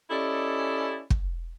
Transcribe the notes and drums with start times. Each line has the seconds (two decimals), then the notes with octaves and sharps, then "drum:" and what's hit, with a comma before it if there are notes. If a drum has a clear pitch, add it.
0.10 C#4 E4 G4 A4 D5 D#5
1.10 drum: kick